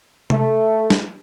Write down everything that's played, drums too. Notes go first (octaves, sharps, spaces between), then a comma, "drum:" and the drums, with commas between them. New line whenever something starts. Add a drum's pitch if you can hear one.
A3, drum: tom C3
drum: snare